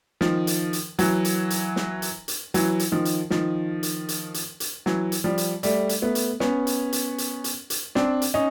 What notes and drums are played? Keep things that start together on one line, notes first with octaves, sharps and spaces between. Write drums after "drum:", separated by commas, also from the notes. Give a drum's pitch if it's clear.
D#3 F3, drum: snare
drum: hi-hat
drum: hi-hat
E3 F#3, drum: hi-hat
drum: hi-hat
drum: hi-hat
drum: snare
drum: hi-hat
drum: hi-hat
E3 F#3, drum: hi-hat
drum: hi-hat
D#3 F3
drum: hi-hat
D#3 F3, drum: snare
drum: hi-hat
drum: hi-hat
drum: hi-hat
drum: hi-hat
E3 F#3, drum: snare
drum: hi-hat
F3 G3
drum: hi-hat
G3 A3, drum: hi-hat
drum: hi-hat
A3 B3
drum: hi-hat
B3 C#4, drum: snare
drum: hi-hat
drum: hi-hat
drum: hi-hat
drum: hi-hat
drum: hi-hat
C4 D4, drum: snare
drum: hi-hat
C#4 D#4